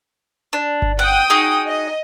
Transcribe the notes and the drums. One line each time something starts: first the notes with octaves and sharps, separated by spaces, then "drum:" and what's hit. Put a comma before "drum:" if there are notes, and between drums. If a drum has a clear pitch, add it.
D4
drum: kick G1
F#5 G5 D#6
D#4 F#4 G#4
D#5